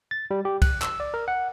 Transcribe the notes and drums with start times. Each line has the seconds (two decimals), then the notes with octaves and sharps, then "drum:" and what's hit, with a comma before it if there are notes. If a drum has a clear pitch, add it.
0.11 A6
0.31 G3
0.45 G4
0.62 F#6, drum: kick, cymbal
0.82 E6, drum: clap
1.00 D5
1.14 A#4
1.28 F#5